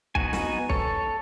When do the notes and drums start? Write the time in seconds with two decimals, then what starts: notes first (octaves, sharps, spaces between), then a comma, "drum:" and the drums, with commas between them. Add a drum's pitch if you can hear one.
0.15 B3 D#4 F#4 G#5, drum: kick B1
0.33 drum: snare
0.70 A4 C#5, drum: kick B1